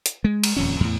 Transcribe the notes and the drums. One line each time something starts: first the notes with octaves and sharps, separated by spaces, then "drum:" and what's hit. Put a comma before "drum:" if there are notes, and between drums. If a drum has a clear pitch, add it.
drum: hi-hat
G#3
drum: cymbal
D#1 F2 C#4
E2 A2